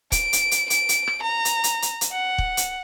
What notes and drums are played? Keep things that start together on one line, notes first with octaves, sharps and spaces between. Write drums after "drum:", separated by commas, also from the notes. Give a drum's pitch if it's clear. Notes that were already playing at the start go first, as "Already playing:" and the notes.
D7, drum: kick, hi-hat
drum: hi-hat
drum: hi-hat
D7, drum: hi-hat
drum: hi-hat
drum: rim click
A#5
drum: hi-hat
drum: hi-hat
drum: hi-hat
drum: hi-hat
F#5
drum: kick
drum: hi-hat